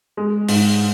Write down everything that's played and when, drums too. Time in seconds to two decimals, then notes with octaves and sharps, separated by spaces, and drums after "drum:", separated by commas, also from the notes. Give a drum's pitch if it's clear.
0.17 G#3
0.49 G#2, drum: open hi-hat